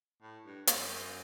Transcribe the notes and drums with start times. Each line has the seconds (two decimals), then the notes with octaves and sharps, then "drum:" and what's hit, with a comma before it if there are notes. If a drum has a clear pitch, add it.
0.22 A2
0.45 G2
0.67 F#2, drum: hi-hat